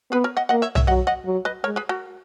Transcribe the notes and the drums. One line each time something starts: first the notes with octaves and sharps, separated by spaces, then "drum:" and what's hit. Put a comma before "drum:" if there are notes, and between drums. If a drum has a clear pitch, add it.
B3 G#4 B4
A#4 C#5
D#5 F#5
A#3 D#5 F#5
C#5 E5
C#5 E5, drum: tom
F#3 D#5 F#5
D#5 F#5
F#3
B4 D#5
G#3 A#4 C#5
G#4 B4
F#4 A#4